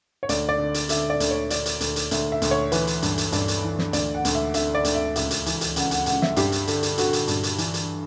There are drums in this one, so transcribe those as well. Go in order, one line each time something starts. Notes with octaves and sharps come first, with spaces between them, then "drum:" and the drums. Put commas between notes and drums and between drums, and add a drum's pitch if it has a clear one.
C#5
D2 D5, drum: hi-hat
D5
D3
drum: hi-hat
D3 E5, drum: hi-hat
D5
D2, drum: hi-hat
C#5
D3 D5, drum: hi-hat
drum: hi-hat
D2, drum: hi-hat
drum: hi-hat
D2 E5, drum: hi-hat
E5
D2, drum: hi-hat
C#5
E3 B4, drum: hi-hat
drum: hi-hat
G2, drum: hi-hat
drum: hi-hat
G2 D5, drum: hi-hat
drum: hi-hat
E3
drum: snare
D2 D5, drum: hi-hat
F#5
D2, drum: hi-hat
E5
D3 E5, drum: hi-hat
D5
D2, drum: hi-hat
E5
C#2 E5, drum: hi-hat
drum: hi-hat
E3, drum: hi-hat
drum: hi-hat
C#2 F#5, drum: hi-hat
F#5, drum: hi-hat
C#2 F#5, drum: hi-hat
E5, drum: snare
G2 G4, drum: hi-hat
drum: hi-hat
D3, drum: hi-hat
drum: hi-hat
D3 F#4, drum: hi-hat
drum: hi-hat
G2, drum: hi-hat
drum: hi-hat
E3, drum: hi-hat
drum: hi-hat